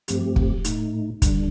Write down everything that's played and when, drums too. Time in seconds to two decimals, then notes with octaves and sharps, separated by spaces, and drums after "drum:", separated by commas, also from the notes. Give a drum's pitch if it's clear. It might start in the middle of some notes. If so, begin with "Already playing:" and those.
0.08 G2 F3 A3 C4 G4, drum: hi-hat
0.36 drum: kick
0.65 A2 A3 D#4, drum: hi-hat
1.22 D#2 D3 G3 D4, drum: kick, hi-hat